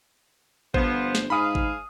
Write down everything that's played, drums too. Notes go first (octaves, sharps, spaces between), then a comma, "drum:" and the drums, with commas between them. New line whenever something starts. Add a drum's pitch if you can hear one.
G1 F3 B3 C5, drum: kick G#1
drum: snare
G#2 G#4 F5 B5 D#6
drum: kick G#1